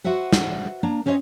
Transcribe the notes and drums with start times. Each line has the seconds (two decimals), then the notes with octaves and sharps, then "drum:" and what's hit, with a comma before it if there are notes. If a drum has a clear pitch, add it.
0.04 F#4 B4 C5 E5 F#5
0.33 drum: snare
0.83 A#3 D4 A#5
1.06 C4 C#4 C5 C#5 D#5